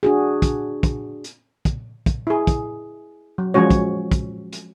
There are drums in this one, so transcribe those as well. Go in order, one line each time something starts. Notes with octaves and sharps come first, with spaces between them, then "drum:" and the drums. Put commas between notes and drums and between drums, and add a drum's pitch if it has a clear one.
D4 F#4 G#4
drum: kick, hi-hat
drum: kick, hi-hat
drum: hi-hat
drum: kick, hi-hat
drum: kick, hi-hat
E4 G#4
drum: kick, hi-hat
F#3
F3 G#3 C#4 F#4 C#5
drum: kick, hi-hat
drum: kick, hi-hat
drum: hi-hat